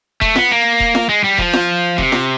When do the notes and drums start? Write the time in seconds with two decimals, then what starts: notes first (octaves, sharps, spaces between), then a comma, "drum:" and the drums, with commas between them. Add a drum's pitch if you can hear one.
0.21 A3, drum: kick E1
0.36 B3, drum: snare
0.51 A#3
0.80 drum: kick E1
0.95 drum: snare
1.09 G#3
1.24 G3
1.38 F3, drum: kick E1
1.53 drum: snare
1.98 C3, drum: kick E1
2.12 drum: snare